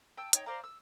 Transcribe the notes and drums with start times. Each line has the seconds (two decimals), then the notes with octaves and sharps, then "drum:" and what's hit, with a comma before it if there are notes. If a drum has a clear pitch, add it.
0.17 G5 A5 E6
0.33 D#4 C#5 G5, drum: hi-hat
0.46 C5 D5 F5 A#5
0.64 E6